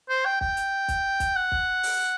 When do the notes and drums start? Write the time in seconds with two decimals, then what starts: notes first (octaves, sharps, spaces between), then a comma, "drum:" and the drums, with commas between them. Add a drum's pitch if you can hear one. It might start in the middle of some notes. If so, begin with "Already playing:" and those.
0.09 C5
0.25 G5
0.41 G5, drum: kick
0.57 drum: hi-hat
0.88 drum: kick, hi-hat
1.20 drum: kick, hi-hat
1.36 F#5
1.52 drum: kick
1.83 drum: open hi-hat